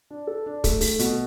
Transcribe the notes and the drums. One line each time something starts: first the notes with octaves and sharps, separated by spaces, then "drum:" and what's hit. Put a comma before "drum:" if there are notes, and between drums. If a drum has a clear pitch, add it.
D4
A4
D4
A3, drum: kick, hi-hat
A3, drum: open hi-hat
B2, drum: hi-hat